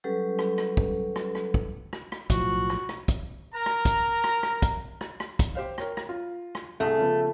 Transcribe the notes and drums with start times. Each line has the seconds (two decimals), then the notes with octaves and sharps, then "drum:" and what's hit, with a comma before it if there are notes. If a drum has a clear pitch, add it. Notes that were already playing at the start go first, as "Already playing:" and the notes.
0.04 F#3 G3 C#4 G4 A4 B4
0.39 drum: rim click
0.58 drum: rim click
0.77 drum: kick
1.16 drum: rim click
1.35 drum: rim click
1.54 drum: kick
1.93 drum: rim click
2.12 drum: rim click
2.30 B1 A2 F3 F#4, drum: kick, hi-hat
2.70 drum: rim click
2.89 drum: rim click
3.08 drum: kick, hi-hat
3.54 A#4 A#5
3.66 drum: rim click
3.85 drum: kick, hi-hat
4.24 drum: rim click
4.43 drum: rim click
4.62 drum: kick, hi-hat
5.01 drum: rim click
5.20 drum: rim click
5.39 drum: kick, hi-hat
5.55 G4 C5 F5
5.78 A#4 C#5 G5, drum: rim click
5.97 drum: rim click
6.09 F4
6.55 drum: rim click
6.80 C2 C3 A3 G#4
6.98 C#3 F3 B3